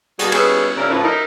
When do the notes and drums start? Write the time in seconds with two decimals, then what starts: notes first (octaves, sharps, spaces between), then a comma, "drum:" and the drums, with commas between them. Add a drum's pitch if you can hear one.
0.19 B2 G3 A#3 D#4 F#4 G#4, drum: hi-hat
0.32 G3 B3 C#4 E4 G#4, drum: cymbal
0.77 G#2 C#3 D4 E4 A#4
0.91 A2 F3 B4
1.04 D#4 E4 A#4